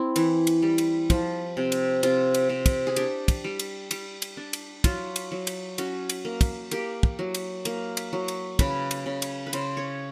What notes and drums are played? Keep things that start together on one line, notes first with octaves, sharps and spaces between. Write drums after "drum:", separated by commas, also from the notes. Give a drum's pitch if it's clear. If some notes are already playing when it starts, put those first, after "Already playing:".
Already playing: C4 E4
E3, drum: cymbal
drum: cymbal
G3
drum: cymbal
F3, drum: kick, cymbal
C3
drum: cymbal
C3 F4, drum: cymbal
drum: cymbal
C3
drum: kick, cymbal
G#4
D4 G4, drum: cymbal
drum: kick, cymbal
G3
drum: cymbal
G3, drum: cymbal
drum: cymbal
D4
drum: cymbal
F#3 F4, drum: kick, cymbal
drum: cymbal
F#3
drum: cymbal
C#4 F#4, drum: cymbal
drum: cymbal
A#3
drum: kick, cymbal
A#3 G4, drum: cymbal
drum: kick
F#3
drum: cymbal
A#3, drum: cymbal
drum: cymbal
F#3
drum: cymbal
C#3 B4, drum: kick, cymbal
drum: cymbal
C#3
drum: cymbal
B4
C#3 C5, drum: cymbal
C#5